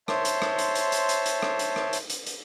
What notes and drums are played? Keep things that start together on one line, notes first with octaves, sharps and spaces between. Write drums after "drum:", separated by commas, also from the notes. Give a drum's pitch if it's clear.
C5 C#5 E5 A5 C6, drum: rim click
drum: hi-hat
drum: rim click
drum: hi-hat
drum: hi-hat
drum: hi-hat
drum: hi-hat
drum: hi-hat
drum: rim click
drum: hi-hat
drum: rim click
drum: hi-hat
drum: hi-hat
drum: hi-hat